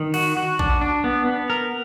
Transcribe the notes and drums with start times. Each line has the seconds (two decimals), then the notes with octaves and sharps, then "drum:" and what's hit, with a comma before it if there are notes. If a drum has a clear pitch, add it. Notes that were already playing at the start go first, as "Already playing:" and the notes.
Already playing: D#3
0.14 F#4, drum: cymbal
0.37 F#4
0.59 D4, drum: kick A#1
0.81 D4
1.04 B3
1.26 B3
1.50 A#4